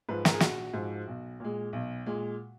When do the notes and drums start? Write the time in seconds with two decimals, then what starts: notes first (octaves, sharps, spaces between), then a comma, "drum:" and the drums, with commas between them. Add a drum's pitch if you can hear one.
0.09 G#2 F3 B4
0.25 A#4, drum: snare
0.33 G#4
0.40 A#1 F#4, drum: snare
0.73 G#2 F3
1.07 B1
1.40 A#2 G#3
1.73 B1
2.06 A#2 G#3